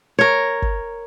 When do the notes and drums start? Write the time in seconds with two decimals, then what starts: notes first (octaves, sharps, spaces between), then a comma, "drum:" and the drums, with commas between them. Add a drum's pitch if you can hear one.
0.19 A#4 C#5
0.62 drum: kick